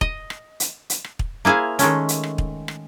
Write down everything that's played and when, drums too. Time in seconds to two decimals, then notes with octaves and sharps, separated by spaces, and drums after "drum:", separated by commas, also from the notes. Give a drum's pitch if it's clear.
0.01 D#5, drum: kick
0.30 drum: rim click
0.60 drum: hi-hat
0.90 drum: hi-hat
1.04 drum: rim click
1.19 drum: kick
1.45 A#3 E4 G#4 C5 F5
1.79 D#3 G#3 A3 C#4, drum: hi-hat
2.09 drum: hi-hat
2.23 drum: rim click
2.38 drum: kick
2.68 drum: rim click